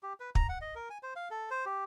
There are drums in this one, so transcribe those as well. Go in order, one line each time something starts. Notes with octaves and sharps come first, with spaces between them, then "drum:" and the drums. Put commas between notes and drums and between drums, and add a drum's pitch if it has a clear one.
G4
B4
A#5, drum: kick
F#5
D#5
A#4
G#5
C5
F5
A4
C5
G4